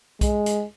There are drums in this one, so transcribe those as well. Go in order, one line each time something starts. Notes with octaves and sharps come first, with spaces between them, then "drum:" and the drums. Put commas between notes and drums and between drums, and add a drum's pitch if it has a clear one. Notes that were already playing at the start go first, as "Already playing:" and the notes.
G#3, drum: kick B1, hi-hat
drum: hi-hat